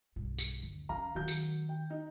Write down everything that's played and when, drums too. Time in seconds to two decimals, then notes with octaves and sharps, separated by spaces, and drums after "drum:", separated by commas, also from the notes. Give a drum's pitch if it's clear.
0.16 B1 G2
0.38 drum: tambourine
0.63 D2
0.89 D#3 C#4 F5 A#5
1.15 D#3 F#3 D#4 G6
1.28 drum: tambourine
1.69 G5
1.90 D#4